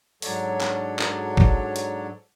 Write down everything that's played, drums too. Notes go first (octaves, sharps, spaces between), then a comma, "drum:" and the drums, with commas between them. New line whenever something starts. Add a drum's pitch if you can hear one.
G#2 F#3 D4 A4 C#5, drum: open hi-hat
drum: clap
drum: clap
drum: kick
drum: hi-hat